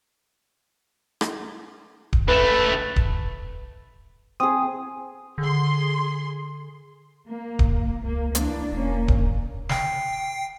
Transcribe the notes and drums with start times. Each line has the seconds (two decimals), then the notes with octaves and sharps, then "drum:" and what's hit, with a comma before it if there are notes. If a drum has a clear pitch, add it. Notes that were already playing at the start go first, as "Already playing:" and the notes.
1.21 drum: rim click
2.13 drum: kick D1
2.28 C#2 A3 B4
2.96 drum: kick D1
4.40 C4 G#4 D#6
5.38 D3 G#4 C6
7.26 A#3
7.59 drum: kick D1
8.04 C#2 A#3
8.35 E3 A#3 D4, drum: hi-hat
8.71 E1 A#3 C#4
9.08 drum: kick D1
9.69 G5 C7, drum: snare